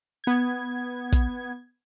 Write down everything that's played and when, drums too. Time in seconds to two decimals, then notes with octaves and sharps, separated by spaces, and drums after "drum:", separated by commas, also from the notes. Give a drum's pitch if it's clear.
0.24 B3 G#6
1.12 drum: kick, hi-hat